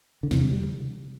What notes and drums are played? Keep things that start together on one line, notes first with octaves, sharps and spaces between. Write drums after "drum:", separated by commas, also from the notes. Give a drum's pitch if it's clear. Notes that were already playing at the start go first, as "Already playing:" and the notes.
D3
E2 C3 E3, drum: snare
G3
G3
drum: tom C3